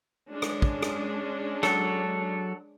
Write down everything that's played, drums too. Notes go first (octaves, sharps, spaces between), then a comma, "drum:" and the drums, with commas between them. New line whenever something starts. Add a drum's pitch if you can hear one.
G#3 C#4 D4
drum: rim click
drum: kick
drum: rim click
F#3 A4, drum: rim click